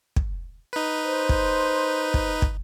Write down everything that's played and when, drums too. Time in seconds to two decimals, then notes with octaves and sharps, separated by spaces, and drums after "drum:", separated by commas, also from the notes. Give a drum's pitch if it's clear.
0.16 drum: kick
0.73 D#4 B4
1.04 C5
1.29 drum: kick
2.14 drum: kick
2.42 drum: kick